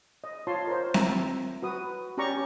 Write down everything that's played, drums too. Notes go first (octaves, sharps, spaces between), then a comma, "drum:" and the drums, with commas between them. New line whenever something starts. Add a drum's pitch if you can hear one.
D#5
F4 C#5 A5 C6
A#4 C5
E5 A#5, drum: snare C4
F#4 B4 D#6
C#4 G4 D5 A#5 C#6